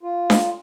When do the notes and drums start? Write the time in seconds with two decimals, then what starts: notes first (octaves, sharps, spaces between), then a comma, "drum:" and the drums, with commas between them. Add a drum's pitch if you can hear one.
0.03 F4
0.30 drum: snare D4